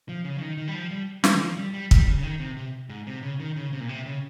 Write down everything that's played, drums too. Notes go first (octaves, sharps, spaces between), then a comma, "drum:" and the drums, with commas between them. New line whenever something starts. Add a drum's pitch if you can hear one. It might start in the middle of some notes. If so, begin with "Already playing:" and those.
F3
C#3
F3
D#3
D#3
G3
F3
G3
D#3, drum: snare
F3
G3
G3
G3, drum: kick
C#3
C#3
D#3
C3
C3
G#2
C3
C#3
D#3
C#3
C3
A#2
C3
C#3